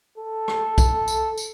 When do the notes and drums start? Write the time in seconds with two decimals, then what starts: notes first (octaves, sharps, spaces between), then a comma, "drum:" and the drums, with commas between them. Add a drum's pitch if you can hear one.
0.18 A4
0.48 drum: rim click
0.78 drum: kick B1, tambourine
1.08 drum: tambourine
1.38 drum: tambourine